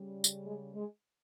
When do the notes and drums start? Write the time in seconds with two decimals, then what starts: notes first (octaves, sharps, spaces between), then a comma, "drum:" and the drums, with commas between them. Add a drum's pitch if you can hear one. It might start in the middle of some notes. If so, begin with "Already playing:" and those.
Already playing: C#3 G3
0.24 drum: tambourine
0.45 G#3
0.74 G#3